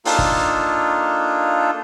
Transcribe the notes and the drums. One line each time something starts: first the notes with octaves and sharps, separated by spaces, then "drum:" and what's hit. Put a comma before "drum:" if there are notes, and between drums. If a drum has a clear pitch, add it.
A#3 D4 D#4 F4 A4, drum: open hi-hat
drum: kick